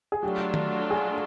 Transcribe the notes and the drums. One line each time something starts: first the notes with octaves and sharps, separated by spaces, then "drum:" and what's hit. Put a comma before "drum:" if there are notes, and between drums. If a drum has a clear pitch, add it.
G#4
F#3 A3 D4 F4 G4
drum: tom D#3
G#4